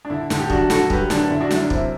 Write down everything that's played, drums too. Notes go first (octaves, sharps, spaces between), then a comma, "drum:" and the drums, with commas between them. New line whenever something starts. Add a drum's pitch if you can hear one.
D4
D3 E4
D3, drum: snare
G4
F#2 D4 F#4, drum: kick
D3 F#4 A4, drum: snare
F#2 G4 B4, drum: kick
D3 D4, drum: snare
D3 E4
D4 F#4
F#2 E4, drum: snare
D4
C3 E4, drum: kick